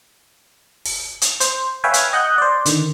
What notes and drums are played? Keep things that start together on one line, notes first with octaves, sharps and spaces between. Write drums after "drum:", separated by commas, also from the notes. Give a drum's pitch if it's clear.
drum: open hi-hat
drum: hi-hat
C5, drum: hi-hat
B4 C#5 E5 F5 G5 G#5
drum: hi-hat
D#5 F#5 F#6 G6
C5 D5
D3 D#3, drum: hi-hat